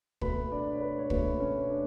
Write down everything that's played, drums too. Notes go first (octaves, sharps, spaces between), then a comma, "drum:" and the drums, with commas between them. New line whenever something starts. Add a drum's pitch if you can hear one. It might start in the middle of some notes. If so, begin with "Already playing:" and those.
B2 A3 B4 B5, drum: kick
D4 D5
C#5
B4
C#5
B2 A3 B4, drum: kick
C#4 C#5
D4 D5